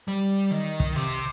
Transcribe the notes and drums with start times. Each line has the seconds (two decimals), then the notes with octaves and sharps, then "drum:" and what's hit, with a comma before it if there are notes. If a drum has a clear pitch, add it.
0.08 G3
0.51 D#3
0.80 drum: kick
0.96 C3, drum: open hi-hat